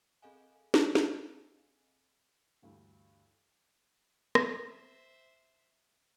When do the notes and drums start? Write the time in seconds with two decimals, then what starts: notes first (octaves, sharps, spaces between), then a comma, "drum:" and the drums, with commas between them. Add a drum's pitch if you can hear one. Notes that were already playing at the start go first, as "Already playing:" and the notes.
0.22 C4 G#4 A4 D#5 F5 G#5
0.74 drum: snare
0.95 drum: snare
2.62 D2 G2 E3
4.35 drum: rim click
4.65 C5 E5